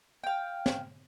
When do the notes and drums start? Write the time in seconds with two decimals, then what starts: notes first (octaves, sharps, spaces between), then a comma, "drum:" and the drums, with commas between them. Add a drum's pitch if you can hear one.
0.24 F5 G5
0.66 drum: snare